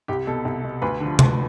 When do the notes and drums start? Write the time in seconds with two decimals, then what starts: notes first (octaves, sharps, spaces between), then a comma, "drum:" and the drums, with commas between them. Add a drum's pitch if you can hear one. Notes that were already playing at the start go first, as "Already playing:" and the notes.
0.08 C2 G4
0.27 B2 A4
0.45 C2
0.64 B2
0.82 D2 B4
1.00 D3 F3
1.19 D2, drum: tom C3